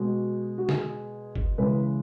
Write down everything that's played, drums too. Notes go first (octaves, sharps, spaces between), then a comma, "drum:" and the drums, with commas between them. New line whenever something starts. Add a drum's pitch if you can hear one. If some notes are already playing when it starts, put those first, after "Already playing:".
Already playing: B2 G#3 F#4
F#4
G#4, drum: snare
drum: kick
C#3 E3 G#3 B4